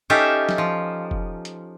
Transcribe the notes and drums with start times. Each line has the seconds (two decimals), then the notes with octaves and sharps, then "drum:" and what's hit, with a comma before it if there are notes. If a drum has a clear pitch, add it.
0.10 C#4 D#4 G4 A4 E5 F5
0.49 drum: snare
0.58 F3
1.11 drum: kick F1
1.45 drum: hi-hat